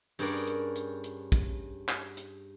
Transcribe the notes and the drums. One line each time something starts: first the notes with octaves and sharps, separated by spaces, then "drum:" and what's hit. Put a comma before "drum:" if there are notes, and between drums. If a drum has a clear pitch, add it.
G2 C#4 G#4 A#4 D5 F#5, drum: open hi-hat
drum: hi-hat
drum: hi-hat
drum: hi-hat
drum: kick, hi-hat
drum: clap
drum: hi-hat